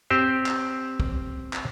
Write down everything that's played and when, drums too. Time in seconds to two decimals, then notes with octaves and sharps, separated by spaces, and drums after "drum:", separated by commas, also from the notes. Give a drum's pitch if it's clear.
0.10 C4 G4 C5
0.46 drum: clap
1.00 drum: kick
1.53 drum: clap